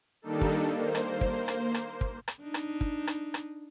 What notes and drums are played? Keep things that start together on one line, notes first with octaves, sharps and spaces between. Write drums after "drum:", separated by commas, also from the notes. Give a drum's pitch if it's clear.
D#3 G3 A#3 D4 D#4 A4
drum: kick
A#3 C5
drum: rim click
drum: kick
drum: rim click
drum: rim click
drum: kick
drum: rim click
D4 D#4
drum: rim click
drum: kick
drum: rim click
drum: rim click